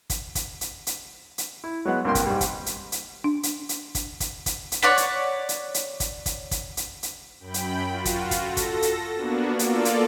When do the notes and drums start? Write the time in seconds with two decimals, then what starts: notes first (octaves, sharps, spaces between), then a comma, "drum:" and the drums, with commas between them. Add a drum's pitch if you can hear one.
0.10 drum: kick, hi-hat
0.35 drum: kick, hi-hat
0.61 drum: hi-hat
0.87 drum: hi-hat
1.38 drum: hi-hat
1.64 E4
1.85 F#3 G#3 B3 F#5
2.05 C2 G2 A#3 G5 C6
2.15 drum: kick, hi-hat
2.26 G#2 G3
2.41 drum: kick, hi-hat
2.66 drum: hi-hat
2.92 drum: hi-hat
3.24 D4
3.43 drum: hi-hat
3.69 drum: hi-hat
3.95 drum: kick, hi-hat
4.20 drum: kick, hi-hat
4.46 drum: kick, hi-hat
4.72 drum: hi-hat
4.82 C#5 D5 F#5 B5
4.97 drum: hi-hat
5.49 drum: hi-hat
5.74 drum: hi-hat
6.00 drum: kick, hi-hat
6.26 drum: kick, hi-hat
6.51 drum: kick, hi-hat
6.77 drum: hi-hat
7.03 drum: hi-hat
7.40 F#2 G5 B5
7.54 drum: hi-hat
7.89 F4 F#4
8.05 drum: kick, hi-hat
8.31 drum: kick, hi-hat
8.41 A4 A#6
8.57 drum: kick, hi-hat
8.82 drum: hi-hat
9.14 A#3 B3 D4 F#4
9.59 A#3 F4 A4 D5, drum: hi-hat
9.85 drum: hi-hat